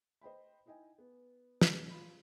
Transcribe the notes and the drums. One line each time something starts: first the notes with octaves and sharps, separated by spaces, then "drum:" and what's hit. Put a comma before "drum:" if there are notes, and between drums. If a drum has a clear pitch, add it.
C5 D#5 G5 B5
D#4 E4 D#5 G5 G#5
B3
drum: snare
F4 B5